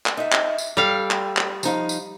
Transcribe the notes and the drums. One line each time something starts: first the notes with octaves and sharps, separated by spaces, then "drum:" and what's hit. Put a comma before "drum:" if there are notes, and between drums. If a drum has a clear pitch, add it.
drum: clap
D#4 E5
drum: clap
drum: tambourine
G3 A4 F5 G5
drum: clap
drum: clap
F3 D#4 F5, drum: tambourine
drum: tambourine